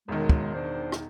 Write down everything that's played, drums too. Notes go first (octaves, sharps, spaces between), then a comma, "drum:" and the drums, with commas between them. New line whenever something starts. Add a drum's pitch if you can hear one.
E1 F#2 D#3 G#3
drum: kick
D4 C5
drum: rim click